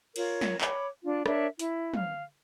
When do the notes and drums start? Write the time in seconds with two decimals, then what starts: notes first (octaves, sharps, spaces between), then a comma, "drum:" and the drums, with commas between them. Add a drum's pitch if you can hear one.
0.16 F4 A#4 C#5, drum: cymbal
0.41 drum: snare
0.61 C#5 B5 D6, drum: clap
1.03 D4 F4
1.26 D4 A#4 C#5 E5, drum: rim click
1.59 E4, drum: hi-hat
1.94 F5, drum: tom